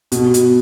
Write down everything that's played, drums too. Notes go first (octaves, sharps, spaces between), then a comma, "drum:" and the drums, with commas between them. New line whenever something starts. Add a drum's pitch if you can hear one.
B2, drum: hi-hat
drum: hi-hat